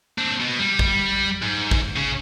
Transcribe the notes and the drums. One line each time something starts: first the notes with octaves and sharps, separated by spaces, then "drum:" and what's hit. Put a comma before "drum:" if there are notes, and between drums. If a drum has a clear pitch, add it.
C4 D4
B2
G3
drum: kick
G#2
drum: kick
C#3